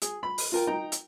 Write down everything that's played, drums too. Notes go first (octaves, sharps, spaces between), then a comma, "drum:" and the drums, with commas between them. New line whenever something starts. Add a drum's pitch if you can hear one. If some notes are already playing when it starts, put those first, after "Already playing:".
G#4, drum: hi-hat
B5
drum: open hi-hat
F4 A#4 G5
D#4 G5 A#5
drum: hi-hat